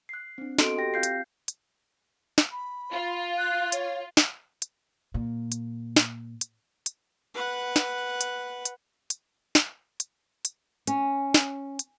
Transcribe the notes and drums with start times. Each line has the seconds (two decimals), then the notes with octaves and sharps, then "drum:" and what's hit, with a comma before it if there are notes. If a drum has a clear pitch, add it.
0.09 F#6 C7
0.38 C4 D4
0.58 B3 F#4 A4 D#5 C6 D7, drum: snare
0.77 G4 G5 A#6
0.94 C4 F4 F5 G6 C7
1.03 drum: hi-hat
1.48 drum: hi-hat
2.38 drum: snare
2.52 B5
2.92 F4
3.38 F#6
3.72 C#5, drum: hi-hat
4.17 drum: snare
4.62 drum: hi-hat
5.14 A#2
5.52 drum: hi-hat
5.96 drum: snare
6.41 drum: hi-hat
6.86 drum: hi-hat
7.35 B4 F#5
7.76 drum: snare
8.21 drum: hi-hat
8.65 drum: hi-hat
9.10 drum: hi-hat
9.55 drum: snare
10.00 drum: hi-hat
10.45 drum: hi-hat
10.87 C#4, drum: hi-hat
11.34 drum: snare
11.79 drum: hi-hat